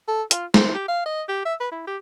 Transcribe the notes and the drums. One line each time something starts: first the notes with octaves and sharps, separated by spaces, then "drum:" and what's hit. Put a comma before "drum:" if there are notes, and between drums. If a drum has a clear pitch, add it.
A4
F4, drum: hi-hat
C5, drum: snare
G4
F5
D#5
G4
E5
B4
E4
G4